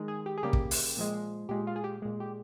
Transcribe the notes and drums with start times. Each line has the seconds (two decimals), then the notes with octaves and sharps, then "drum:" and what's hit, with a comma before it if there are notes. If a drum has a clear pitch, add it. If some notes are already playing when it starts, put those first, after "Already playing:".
Already playing: D#3 G#3
0.08 G#4
0.26 G4
0.38 G#4
0.43 C#3 G3 A#3 G4
0.53 drum: kick
0.71 drum: open hi-hat
0.97 A#2 F3 G#3
1.49 A#2 G#3 G4
1.67 F4
1.76 G#4
1.84 G4
2.02 A#2 G#3
2.20 G4